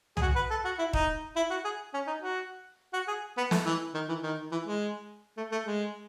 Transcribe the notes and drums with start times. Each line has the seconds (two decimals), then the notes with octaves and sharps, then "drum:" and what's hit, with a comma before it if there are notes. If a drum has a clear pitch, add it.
0.17 G#4, drum: tom C2
0.21 F#4
0.35 B4
0.50 A4
0.65 F#4
0.78 E4
0.93 D#4, drum: kick
1.36 E4
1.50 F#4
1.64 G#4
1.94 C#4
2.07 D#4
2.22 F#4
2.93 F#4
3.08 G#4
3.37 B3
3.51 A3, drum: snare
3.65 E3
3.94 D#3
4.08 E3
4.23 D#3
4.52 E3
4.66 G#3
5.37 A3
5.52 A3
5.66 G#3